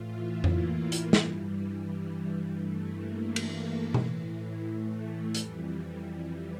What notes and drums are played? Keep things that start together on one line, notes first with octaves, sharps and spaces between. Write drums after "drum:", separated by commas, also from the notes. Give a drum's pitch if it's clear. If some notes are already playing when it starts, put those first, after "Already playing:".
Already playing: A2 E3 F4
E4
A#3, drum: tom F2
drum: hi-hat
G2 E3 G3, drum: snare
G3
G2 E3 A3
A#3
A3
drum: cymbal
A2 E3, drum: tom B2
A3
F2 E3 G3, drum: hi-hat